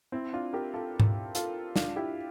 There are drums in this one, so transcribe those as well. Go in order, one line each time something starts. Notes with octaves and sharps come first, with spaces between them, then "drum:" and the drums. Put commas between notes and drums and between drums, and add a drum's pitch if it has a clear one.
C4 E4
D4 F4
G4 A#4
F4 A4
drum: tom G#2
F4 A4, drum: hi-hat
D4 F4, drum: snare
E4 G4